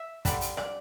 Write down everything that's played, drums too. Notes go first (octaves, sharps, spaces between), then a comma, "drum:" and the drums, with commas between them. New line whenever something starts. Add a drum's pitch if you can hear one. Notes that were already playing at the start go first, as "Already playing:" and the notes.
Already playing: E5
D3 G3 D4, drum: kick, hi-hat
drum: hi-hat
D5, drum: rim click